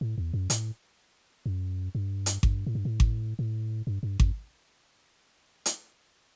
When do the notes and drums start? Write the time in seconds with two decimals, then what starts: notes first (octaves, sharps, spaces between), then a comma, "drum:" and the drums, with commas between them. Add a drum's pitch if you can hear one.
0.01 A2
0.18 E2
0.34 F#2
0.50 A2, drum: hi-hat
1.46 F#2
1.95 G2
2.26 drum: hi-hat
2.43 G2, drum: kick G#1
2.66 A2
2.75 G2
2.85 A2
3.00 drum: kick G#1
3.39 A2
3.87 G2
4.03 G2
4.20 F#2, drum: kick G#1
5.66 drum: hi-hat